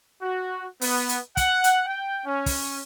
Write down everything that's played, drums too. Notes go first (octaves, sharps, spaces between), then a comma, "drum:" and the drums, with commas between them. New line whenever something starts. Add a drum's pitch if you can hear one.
F#4
B3, drum: open hi-hat
drum: hi-hat
F#5, drum: kick, hi-hat
drum: hi-hat
G5
C#4
drum: kick, open hi-hat